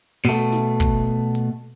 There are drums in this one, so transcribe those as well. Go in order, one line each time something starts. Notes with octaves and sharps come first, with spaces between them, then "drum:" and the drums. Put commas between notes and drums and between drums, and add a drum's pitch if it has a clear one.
B2 A3, drum: hi-hat
drum: snare
drum: kick, hi-hat
drum: hi-hat